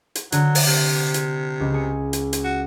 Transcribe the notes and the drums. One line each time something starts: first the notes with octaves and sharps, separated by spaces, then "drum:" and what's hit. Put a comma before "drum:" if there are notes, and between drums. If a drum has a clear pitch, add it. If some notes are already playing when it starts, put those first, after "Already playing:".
drum: hi-hat
D3 F#3, drum: hi-hat
drum: open hi-hat
C3
drum: hi-hat
C#2
G#4 G#5 C#7
drum: hi-hat
drum: hi-hat
F#4